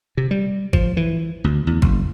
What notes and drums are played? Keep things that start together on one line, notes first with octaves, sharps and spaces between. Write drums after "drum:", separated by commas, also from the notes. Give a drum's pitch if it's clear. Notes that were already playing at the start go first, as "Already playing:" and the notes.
C3
G3
F3, drum: kick G#1
E3
D2
E2
F#1, drum: kick G#1